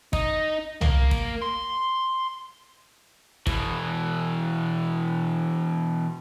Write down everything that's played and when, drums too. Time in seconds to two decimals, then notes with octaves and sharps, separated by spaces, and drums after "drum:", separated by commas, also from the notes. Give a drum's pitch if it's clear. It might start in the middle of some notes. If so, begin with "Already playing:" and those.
0.13 D#4, drum: kick
0.81 A#3, drum: tom C2
1.11 drum: kick
1.42 C6
3.47 B2 E3, drum: kick